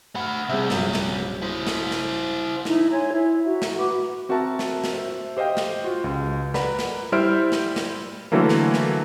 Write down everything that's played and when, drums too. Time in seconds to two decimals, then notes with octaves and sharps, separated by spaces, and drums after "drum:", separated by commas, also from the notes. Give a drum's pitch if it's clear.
0.15 A3 F#5 B5 F6
0.49 C3 G3 G#3 C4 E5
0.70 A#1 F#2, drum: snare
0.93 drum: snare
1.42 E4 C5
1.67 drum: snare
1.91 drum: snare
2.65 D#4 E4, drum: snare
2.92 C#5 G#5 C6 G#6
3.12 E4
3.44 F#4 E5 A#5
3.62 drum: snare
3.78 F#4 B4 B5 D6
4.29 C4 F#4 A#4 E5 A5 A#5
4.59 drum: snare
4.84 drum: snare
4.93 C5 E5
5.37 G4 C5 D#5 F5 G5
5.57 drum: snare
5.84 F4 F#4
6.04 C#2
6.54 A#4 B4 D5 F#5 A#5 B5, drum: snare
6.79 drum: snare
7.12 G3 E4 C5 F6 D7
7.52 drum: snare
7.76 drum: snare
8.32 D3 E3 F#3 A3 A#3
8.49 drum: snare
8.74 drum: snare